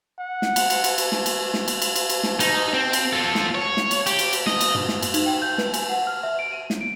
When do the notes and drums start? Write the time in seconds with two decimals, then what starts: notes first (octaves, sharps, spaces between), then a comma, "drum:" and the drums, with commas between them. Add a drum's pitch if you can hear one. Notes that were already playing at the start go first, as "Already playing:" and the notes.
0.19 F#5
0.42 drum: snare
0.56 drum: cymbal
0.70 drum: cymbal
0.84 drum: cymbal
0.98 drum: cymbal
1.12 drum: snare
1.26 drum: cymbal
1.54 drum: snare
1.68 drum: cymbal
1.82 drum: cymbal
1.96 drum: cymbal
2.10 drum: cymbal
2.23 drum: snare
2.40 D#4, drum: cymbal
2.74 C4
2.93 drum: cymbal
3.13 F4 A4
3.35 drum: snare
3.55 C#5
3.77 drum: snare
3.91 drum: cymbal
4.07 G4, drum: cymbal
4.19 drum: cymbal
4.33 drum: cymbal
4.47 D#5, drum: snare
4.61 drum: cymbal
4.75 drum: tom
4.89 drum: snare
5.02 drum: cymbal
5.14 D#4, drum: cymbal
5.26 G5
5.42 G6
5.58 B4, drum: snare
5.74 G#5, drum: cymbal
5.89 F#5
6.07 F6
6.23 E5
6.39 D7
6.52 D#7
6.70 drum: snare
6.81 D7